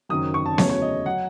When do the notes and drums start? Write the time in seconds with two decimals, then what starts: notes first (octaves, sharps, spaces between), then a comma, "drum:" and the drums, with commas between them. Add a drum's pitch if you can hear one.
0.09 F#1 F#2 D#3 F#3 D#6
0.34 C#6
0.46 A5
0.58 E2 C#3 F#3 A3 C#5, drum: snare B3
0.70 C#5
0.82 D#5
1.06 F#3 F#5